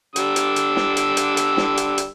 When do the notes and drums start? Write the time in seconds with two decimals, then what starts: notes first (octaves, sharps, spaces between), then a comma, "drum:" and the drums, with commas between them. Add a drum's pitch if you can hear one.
0.16 D3 G3 E6, drum: hi-hat
0.36 drum: hi-hat
0.56 drum: hi-hat
0.76 drum: snare
0.97 drum: hi-hat
1.17 drum: hi-hat
1.37 drum: hi-hat
1.57 drum: snare
1.77 drum: hi-hat
1.98 drum: hi-hat